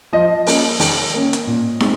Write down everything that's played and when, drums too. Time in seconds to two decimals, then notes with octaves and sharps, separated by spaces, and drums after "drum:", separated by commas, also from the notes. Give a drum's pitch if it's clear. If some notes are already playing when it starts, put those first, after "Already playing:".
0.13 F3 D#5
0.47 A#3 C#4, drum: open hi-hat
0.79 D#3, drum: open hi-hat
1.14 A#3 C#4
1.33 drum: hi-hat
1.47 A#2
1.80 G#3 C4, drum: snare